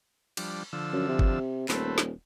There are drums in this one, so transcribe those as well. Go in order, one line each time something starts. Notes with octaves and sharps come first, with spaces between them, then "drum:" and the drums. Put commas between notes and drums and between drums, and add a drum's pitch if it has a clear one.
F3 G3 D4, drum: cymbal
D3 F3 E6
F#2
C3
drum: kick
D#1 A3 C4 B4, drum: clap
drum: snare